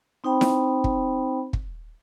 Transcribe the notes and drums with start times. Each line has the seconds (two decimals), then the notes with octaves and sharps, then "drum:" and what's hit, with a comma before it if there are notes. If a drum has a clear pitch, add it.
0.24 C4 D#4 C5 G5 B5
0.41 drum: snare E4
0.84 drum: kick
1.53 drum: kick